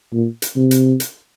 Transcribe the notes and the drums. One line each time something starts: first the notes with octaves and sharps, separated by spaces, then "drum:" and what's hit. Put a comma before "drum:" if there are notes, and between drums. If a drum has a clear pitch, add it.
A#2
drum: hi-hat
C3
drum: hi-hat
drum: hi-hat